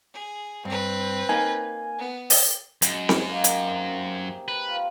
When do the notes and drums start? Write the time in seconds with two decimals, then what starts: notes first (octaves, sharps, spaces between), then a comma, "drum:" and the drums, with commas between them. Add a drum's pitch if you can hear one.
0.13 G#4
0.65 G2 C4 B4
1.29 A#3 D#4 G#5
1.98 B3
2.30 drum: open hi-hat
2.82 F#2 G#3, drum: hi-hat
3.09 drum: snare C4
3.28 A#3 D#4 G4
3.44 drum: hi-hat
3.64 C3
4.48 B4
4.68 F4